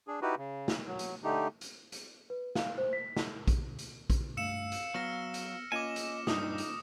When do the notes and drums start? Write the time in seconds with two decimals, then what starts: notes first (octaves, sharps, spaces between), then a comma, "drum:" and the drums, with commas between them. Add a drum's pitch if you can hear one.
0.08 D4 G#4
0.22 D#4 E4 F#4 G4 B4
0.38 C#3
0.68 drum: snare
0.87 F#3
0.99 drum: hi-hat
1.24 D3 A3 D#4 G4
1.61 drum: hi-hat
1.92 drum: hi-hat
2.30 B4
2.55 F5, drum: snare
2.78 C5
2.93 B6
3.16 drum: snare
3.48 drum: kick A#1, hi-hat
3.79 drum: hi-hat
4.10 drum: kick A#1, hi-hat
4.37 G2 A3 F5 E6 C#7 E7
4.72 drum: hi-hat
4.94 F#3 B3 F6 A#6
5.34 drum: hi-hat
5.72 A#3 C#4 F4 D#5 G#5 D6 E7
5.96 drum: hi-hat
6.27 G2 D#4 D#6, drum: snare
6.58 drum: hi-hat